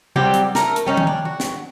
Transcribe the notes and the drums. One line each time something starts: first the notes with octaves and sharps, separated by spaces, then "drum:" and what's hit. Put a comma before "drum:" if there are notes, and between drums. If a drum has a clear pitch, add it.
F#3 G3 C4 G4
drum: hi-hat
A3 A#4, drum: snare
drum: hi-hat
G3 C#4 D#4
drum: tom D#3
D4
F#4
drum: snare